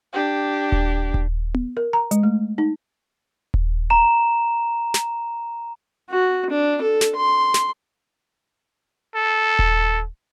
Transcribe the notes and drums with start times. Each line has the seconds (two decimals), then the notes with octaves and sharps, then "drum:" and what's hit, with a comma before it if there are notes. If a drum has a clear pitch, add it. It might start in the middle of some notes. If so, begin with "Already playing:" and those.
0.13 D4 G4
0.72 drum: kick D#1
1.14 drum: kick D#1
1.54 drum: tom B3
1.77 A#4
1.93 A#5
2.11 G#3, drum: hi-hat
2.23 A3
2.58 D#4
3.54 drum: kick D#1
3.90 A#5 E7
4.94 drum: snare
6.10 F#4
6.50 D4
6.82 A4
7.01 drum: snare
7.16 C6
7.54 drum: snare
9.15 A4
9.59 drum: kick D#1